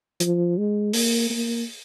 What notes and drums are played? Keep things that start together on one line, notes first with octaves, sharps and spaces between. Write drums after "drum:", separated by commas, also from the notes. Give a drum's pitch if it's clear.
F3, drum: hi-hat
G#3
A#3, drum: open hi-hat
A#3